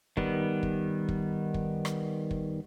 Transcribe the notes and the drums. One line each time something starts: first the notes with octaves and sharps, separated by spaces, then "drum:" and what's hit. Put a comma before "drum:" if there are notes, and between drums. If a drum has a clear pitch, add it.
D#3 G3 B3, drum: kick
drum: kick
drum: kick
drum: kick
drum: rim click
drum: kick